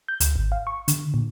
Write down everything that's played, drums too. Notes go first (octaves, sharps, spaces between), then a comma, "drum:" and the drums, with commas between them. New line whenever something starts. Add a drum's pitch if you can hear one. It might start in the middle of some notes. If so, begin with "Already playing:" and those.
G6
D2, drum: hi-hat
G#1
F5
C#6
D3, drum: hi-hat
A#2